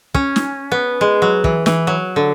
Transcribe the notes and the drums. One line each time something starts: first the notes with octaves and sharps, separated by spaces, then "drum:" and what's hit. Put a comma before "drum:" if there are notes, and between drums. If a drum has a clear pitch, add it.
C#4, drum: kick
drum: snare
B3
G#3
F#3
E3, drum: kick
E3, drum: snare
F#3
D3